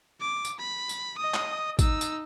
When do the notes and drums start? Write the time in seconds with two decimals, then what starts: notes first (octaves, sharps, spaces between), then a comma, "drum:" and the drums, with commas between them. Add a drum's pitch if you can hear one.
0.21 D6
0.45 drum: tambourine
0.59 B5
0.89 drum: tambourine
1.18 D#5 D#6
1.34 drum: clap
1.79 D#4 E6, drum: kick, tambourine
2.01 drum: tambourine